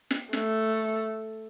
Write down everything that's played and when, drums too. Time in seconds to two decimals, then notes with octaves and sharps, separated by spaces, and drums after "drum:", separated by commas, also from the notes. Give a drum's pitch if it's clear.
0.11 drum: snare
0.33 A3, drum: snare